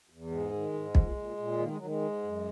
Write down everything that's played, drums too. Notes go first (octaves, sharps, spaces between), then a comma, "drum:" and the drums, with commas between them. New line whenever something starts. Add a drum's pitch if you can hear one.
E2
G#2 G#3
D#3
G#2
A#2, drum: kick
A#2
A#2
D#3 A#3
G#3
D#3 F#3
G#3
G#2
F#2